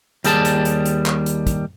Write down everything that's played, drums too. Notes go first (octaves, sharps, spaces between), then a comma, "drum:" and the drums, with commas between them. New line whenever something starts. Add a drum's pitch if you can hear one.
D#2 G3 G#4 D5 A5, drum: hi-hat
drum: hi-hat
drum: hi-hat
drum: hi-hat
drum: clap
drum: hi-hat
drum: kick, hi-hat